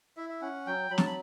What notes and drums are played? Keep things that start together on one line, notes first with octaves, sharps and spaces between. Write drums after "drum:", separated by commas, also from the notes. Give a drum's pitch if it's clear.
E4 E5
E5
C#4 F#5
F#3 G5
F#3 B5
A5, drum: snare
B5